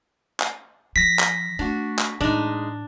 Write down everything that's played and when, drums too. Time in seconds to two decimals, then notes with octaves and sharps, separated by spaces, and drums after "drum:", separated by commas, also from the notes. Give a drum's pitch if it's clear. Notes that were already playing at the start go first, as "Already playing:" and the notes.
0.40 drum: clap
0.96 F3 A#6 B6
1.19 drum: clap
1.59 A3 D4 F#4
1.99 drum: clap
2.21 A2 G#3 D4 D#4